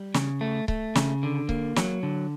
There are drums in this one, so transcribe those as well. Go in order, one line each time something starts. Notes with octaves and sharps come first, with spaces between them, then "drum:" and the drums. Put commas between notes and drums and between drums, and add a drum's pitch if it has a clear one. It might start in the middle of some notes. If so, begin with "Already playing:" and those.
Already playing: G3
C#3, drum: snare
A3
A3, drum: kick C#1
C#3, drum: snare
D3
A#3, drum: kick C#1
F#3, drum: snare
D3